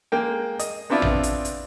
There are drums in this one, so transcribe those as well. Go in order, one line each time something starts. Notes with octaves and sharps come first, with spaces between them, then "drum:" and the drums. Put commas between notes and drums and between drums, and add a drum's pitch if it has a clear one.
G#3 A#3 G5
D#5, drum: hi-hat
B3 C4 D4 E4 F4
drum: tom A1
drum: hi-hat
drum: hi-hat